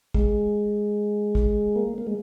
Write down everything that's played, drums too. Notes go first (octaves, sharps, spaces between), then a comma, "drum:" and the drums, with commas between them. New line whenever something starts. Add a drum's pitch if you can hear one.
G#3, drum: kick
drum: kick
A#3
A#3
G#3